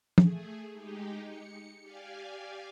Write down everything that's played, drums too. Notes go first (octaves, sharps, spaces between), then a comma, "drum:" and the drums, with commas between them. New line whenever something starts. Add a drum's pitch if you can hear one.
A3 G#4, drum: tom
G#3 D#4 G4
C#7
G4 D5 F5 G#5